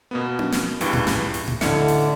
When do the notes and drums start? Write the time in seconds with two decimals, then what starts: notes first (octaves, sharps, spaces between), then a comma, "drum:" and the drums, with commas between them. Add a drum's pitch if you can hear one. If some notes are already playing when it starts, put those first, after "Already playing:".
0.11 B2 A#3 B3
0.39 drum: tom C#4
0.52 drum: snare
0.81 C#2 G2 E3, drum: open hi-hat
0.93 drum: tom A2
1.07 drum: snare
1.34 drum: open hi-hat
1.47 drum: tom A2
1.61 A1 D3 E4 C#7, drum: snare
1.88 drum: open hi-hat